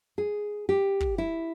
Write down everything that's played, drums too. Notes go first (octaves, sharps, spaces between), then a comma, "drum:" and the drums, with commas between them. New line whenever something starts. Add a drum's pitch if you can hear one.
G#4
G4
drum: kick
E4